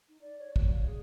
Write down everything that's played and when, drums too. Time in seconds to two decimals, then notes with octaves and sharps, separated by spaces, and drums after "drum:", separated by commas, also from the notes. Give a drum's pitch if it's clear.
0.08 D#4
0.21 D5
0.38 C#5
0.56 F#4, drum: kick
0.70 F5
0.85 G#4